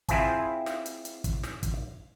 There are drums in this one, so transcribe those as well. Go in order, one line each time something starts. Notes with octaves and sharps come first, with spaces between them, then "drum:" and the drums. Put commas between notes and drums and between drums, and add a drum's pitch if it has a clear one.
C4 E4 F4 G#4 C5 G#5, drum: kick, hi-hat
drum: snare
drum: hi-hat
drum: hi-hat
drum: kick, hi-hat
drum: snare
drum: kick, hi-hat